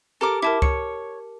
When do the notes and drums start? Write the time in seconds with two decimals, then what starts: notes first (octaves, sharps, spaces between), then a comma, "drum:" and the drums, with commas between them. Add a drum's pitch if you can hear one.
0.21 G4 A4 A#4 D6
0.42 E4 A#4 A5 D6
0.62 C#5 C#7, drum: kick C#2